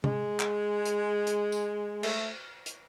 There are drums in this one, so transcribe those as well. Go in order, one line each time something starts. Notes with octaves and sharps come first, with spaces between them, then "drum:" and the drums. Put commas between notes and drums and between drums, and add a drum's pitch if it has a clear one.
G#3, drum: tom
drum: clap
drum: hi-hat
drum: hi-hat
drum: tambourine
A3, drum: cymbal
drum: hi-hat